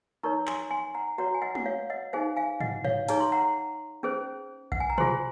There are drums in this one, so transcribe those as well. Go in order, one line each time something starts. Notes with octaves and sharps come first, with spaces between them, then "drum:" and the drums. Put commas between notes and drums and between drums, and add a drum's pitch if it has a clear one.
D#4 A#4 C#5 A#5 C#6
G#5 C6, drum: clap
G#5 C6
F#5 A#5
F#4 C#5 F#5 A#5
G#5
D#5 F#5
F#5, drum: tom G#3
C#5 F5
D#5 F#5
D#4 G#4 C5 F5 G#5
F5 G#5
D#5 F#5, drum: tom G#2
C#5 F5, drum: tom G#2
D#4 G#4 C#5 A#5, drum: hi-hat
C6
F#5 A#5
C#4 G#4 C5
F#5, drum: kick A#1
G#5
A#5
F4 G#4 C5 G#5 C6, drum: tom B2